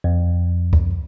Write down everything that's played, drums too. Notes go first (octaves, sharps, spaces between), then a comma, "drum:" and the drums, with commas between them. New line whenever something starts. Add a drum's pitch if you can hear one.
F2
drum: kick C#2